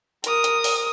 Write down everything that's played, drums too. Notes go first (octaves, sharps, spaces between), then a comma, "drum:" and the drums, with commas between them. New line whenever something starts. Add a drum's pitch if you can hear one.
A#4 D#6, drum: hi-hat
drum: hi-hat
drum: open hi-hat